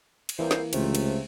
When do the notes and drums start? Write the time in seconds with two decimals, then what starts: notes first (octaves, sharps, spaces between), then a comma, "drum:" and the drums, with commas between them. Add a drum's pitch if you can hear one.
0.29 drum: cymbal
0.39 C2 E3 F3 A#3 C5
0.51 drum: snare
0.73 C#2 C3 F3 A3, drum: cymbal
0.95 drum: cymbal